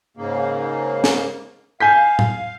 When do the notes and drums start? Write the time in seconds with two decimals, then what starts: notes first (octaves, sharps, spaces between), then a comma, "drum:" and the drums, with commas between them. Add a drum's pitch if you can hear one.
0.17 G#2 C#3 A#3
1.04 drum: snare
1.80 F5 G#5 G6 B6
2.19 drum: tom A2